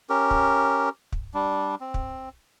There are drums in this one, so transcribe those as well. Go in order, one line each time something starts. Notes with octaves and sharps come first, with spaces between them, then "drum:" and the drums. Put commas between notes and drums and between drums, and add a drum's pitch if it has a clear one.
C#4 G4 A#4
drum: kick
drum: kick
G3 D4
C4
drum: kick